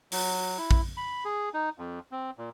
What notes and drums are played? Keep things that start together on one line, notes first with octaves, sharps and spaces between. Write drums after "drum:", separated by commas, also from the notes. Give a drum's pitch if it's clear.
F#3, drum: open hi-hat
E4
drum: kick A#1
B5
G#4
D#4
F2
C4
A#2